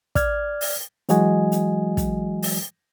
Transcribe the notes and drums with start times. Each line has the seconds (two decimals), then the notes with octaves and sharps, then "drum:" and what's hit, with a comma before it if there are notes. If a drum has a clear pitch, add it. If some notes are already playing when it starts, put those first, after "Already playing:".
0.15 D5 F6 G#6, drum: kick, hi-hat
0.61 drum: open hi-hat
1.09 E3 F#3 G#3 F#4 D#5 G#5, drum: hi-hat
1.52 drum: hi-hat
1.97 drum: kick, hi-hat
2.43 drum: open hi-hat